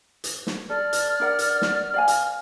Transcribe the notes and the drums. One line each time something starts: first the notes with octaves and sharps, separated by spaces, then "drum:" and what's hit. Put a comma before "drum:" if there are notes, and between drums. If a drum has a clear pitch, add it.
drum: hi-hat
drum: snare
A4 D5 F6
drum: hi-hat
D4 A#4 F#5
drum: hi-hat
drum: snare
D5 F5 G#5
drum: hi-hat